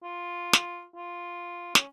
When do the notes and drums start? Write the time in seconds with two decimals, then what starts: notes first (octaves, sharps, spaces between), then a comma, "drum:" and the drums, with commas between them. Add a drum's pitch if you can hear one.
0.03 F4
0.53 drum: snare
0.95 F4
1.75 C#4, drum: snare